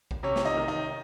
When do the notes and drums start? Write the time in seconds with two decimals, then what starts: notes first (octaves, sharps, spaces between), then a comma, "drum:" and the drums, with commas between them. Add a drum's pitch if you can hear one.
0.11 drum: kick A#1
0.23 C3 C#4 C#5
0.36 drum: snare
0.45 D#4 D#5
0.57 D#3
0.68 D#4 D#5